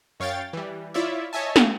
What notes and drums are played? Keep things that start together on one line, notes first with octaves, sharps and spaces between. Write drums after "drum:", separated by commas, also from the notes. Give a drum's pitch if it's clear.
F#2 C#5 F5 G5 A6
E3 G3
E4 F4 C#5 D5 E5
C#5 D#5 E5 G#5 A5
drum: snare